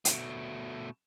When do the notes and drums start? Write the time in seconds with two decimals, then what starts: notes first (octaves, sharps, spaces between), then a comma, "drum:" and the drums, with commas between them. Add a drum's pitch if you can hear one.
0.05 B2 A3, drum: hi-hat